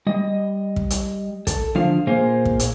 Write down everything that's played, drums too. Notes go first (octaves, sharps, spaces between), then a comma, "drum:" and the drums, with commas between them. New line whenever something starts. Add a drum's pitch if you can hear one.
G3 D#5
drum: kick
drum: hi-hat
A4, drum: kick, hi-hat
D3 F3 F5
A#2 A#3 G#4 C5 F5
drum: kick
drum: hi-hat